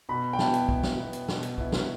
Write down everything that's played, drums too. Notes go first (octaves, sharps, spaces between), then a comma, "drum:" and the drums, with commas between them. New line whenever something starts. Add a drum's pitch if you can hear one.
B2 B5
G5
B3 E4 A5, drum: snare
drum: hi-hat
B2, drum: kick
drum: snare
B3 E4
drum: hi-hat
B2, drum: snare
drum: hi-hat
B3 E4, drum: kick
drum: snare